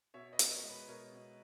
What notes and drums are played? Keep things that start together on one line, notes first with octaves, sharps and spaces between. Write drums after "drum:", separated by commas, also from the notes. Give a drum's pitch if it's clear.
B2 C#5 E5
B4 D#5
B3, drum: hi-hat
A#4 C#5
G#3
B4
B2 A#4 C#5
B2